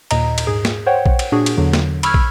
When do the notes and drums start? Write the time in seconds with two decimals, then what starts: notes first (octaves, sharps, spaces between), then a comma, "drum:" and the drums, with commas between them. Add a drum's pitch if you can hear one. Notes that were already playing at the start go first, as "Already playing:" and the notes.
0.11 D#2 A#2 D#5 A#5, drum: cymbal
0.38 drum: cymbal
0.47 G#2 G#4
0.65 drum: snare
0.86 C5 C#5 F#5 G5
1.06 drum: kick
1.19 drum: cymbal
1.32 A#2 D4 F#4 G#4
1.46 drum: cymbal
1.57 E2 D3 F#3
1.73 drum: snare
2.03 B5 C#6 E6 F6 G#6, drum: cymbal
2.14 drum: kick